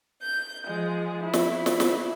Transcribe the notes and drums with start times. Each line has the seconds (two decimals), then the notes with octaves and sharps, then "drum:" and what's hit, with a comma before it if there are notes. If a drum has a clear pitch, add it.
0.20 G6
0.65 F3 G#3
1.22 E4
1.33 drum: snare
1.66 drum: snare
1.80 drum: snare